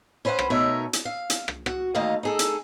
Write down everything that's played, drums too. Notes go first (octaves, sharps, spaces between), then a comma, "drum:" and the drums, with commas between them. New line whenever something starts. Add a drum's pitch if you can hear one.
C#4 B4 C5 E5 F#5
drum: rim click
B2 A3 D#4 A#4 C#5 E5
drum: hi-hat
F5
drum: hi-hat
drum: rim click
F#4, drum: rim click
D2 D#3 A3 A#3 D#5 F5
D#4 G#4 A4
drum: hi-hat